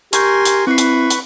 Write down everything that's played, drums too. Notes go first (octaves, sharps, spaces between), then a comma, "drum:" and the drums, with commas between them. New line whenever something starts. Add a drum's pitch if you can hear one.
G4 A#4 G#5 C6 C#6 G6, drum: hi-hat
drum: hi-hat
C4 E4 B4 B5 C#6 C7
drum: hi-hat
drum: hi-hat